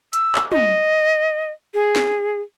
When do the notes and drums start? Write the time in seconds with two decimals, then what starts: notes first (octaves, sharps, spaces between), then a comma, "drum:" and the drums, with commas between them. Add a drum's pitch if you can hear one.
0.13 E6, drum: hi-hat
0.35 drum: clap
0.52 D#5, drum: tom
1.74 G#4
1.96 drum: snare